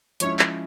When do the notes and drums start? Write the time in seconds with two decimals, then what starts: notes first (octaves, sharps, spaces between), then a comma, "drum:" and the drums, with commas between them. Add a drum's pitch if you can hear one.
0.20 F3 G#3 C#4 E4 C#5, drum: hi-hat
0.39 drum: clap